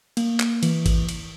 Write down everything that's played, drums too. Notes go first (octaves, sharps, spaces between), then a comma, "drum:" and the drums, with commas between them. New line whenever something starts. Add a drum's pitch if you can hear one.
A#3, drum: cymbal
drum: clap
E3, drum: cymbal
drum: kick G#1, cymbal
drum: cymbal